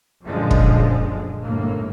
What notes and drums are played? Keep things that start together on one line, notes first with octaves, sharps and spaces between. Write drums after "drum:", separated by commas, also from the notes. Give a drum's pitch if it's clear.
F#2 A#2 D3 F3 G#3
drum: kick
G1 D#2 A2 A#3